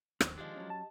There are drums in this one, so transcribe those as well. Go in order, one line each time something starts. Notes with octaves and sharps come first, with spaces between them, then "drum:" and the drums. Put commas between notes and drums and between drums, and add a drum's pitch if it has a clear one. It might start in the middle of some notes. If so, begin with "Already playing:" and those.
D#2 D3 D#3 G#3 C5, drum: rim click
F3 G#3 D4 G4 D#5
F#3 C#4
A5